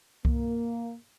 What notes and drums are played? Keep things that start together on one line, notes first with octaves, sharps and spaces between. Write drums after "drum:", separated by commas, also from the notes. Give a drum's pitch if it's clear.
A#3, drum: kick C2